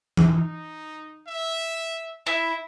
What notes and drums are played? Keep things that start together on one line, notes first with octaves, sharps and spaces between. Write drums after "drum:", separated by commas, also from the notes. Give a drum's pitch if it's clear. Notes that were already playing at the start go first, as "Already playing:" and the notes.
drum: tom E3
D#4
E5
E4 E5